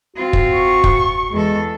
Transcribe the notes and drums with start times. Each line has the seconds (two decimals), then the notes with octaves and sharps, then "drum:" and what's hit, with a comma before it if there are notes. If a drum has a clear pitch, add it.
0.16 C4 F4 F#4
0.33 drum: kick
0.54 C#6
0.84 drum: kick
1.32 E2 G#3 A4